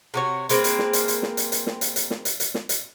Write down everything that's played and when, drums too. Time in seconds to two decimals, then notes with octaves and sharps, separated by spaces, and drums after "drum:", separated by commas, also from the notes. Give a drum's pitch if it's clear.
0.14 C3 F#4 C#5
0.49 G#3 A#3 C4 B4, drum: hi-hat
0.64 drum: hi-hat
0.79 drum: snare
0.93 drum: hi-hat
1.08 drum: hi-hat
1.23 drum: snare
1.37 drum: hi-hat
1.52 drum: hi-hat
1.67 drum: snare
1.81 drum: hi-hat
1.96 drum: hi-hat
2.10 drum: snare
2.25 drum: hi-hat
2.40 drum: hi-hat
2.54 drum: snare
2.69 drum: hi-hat